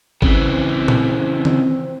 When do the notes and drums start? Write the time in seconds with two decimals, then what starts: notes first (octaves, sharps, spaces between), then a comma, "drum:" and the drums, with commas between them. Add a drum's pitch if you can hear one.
0.22 C#3 E3 C4, drum: kick
0.88 drum: tom A#2
1.45 drum: tom D3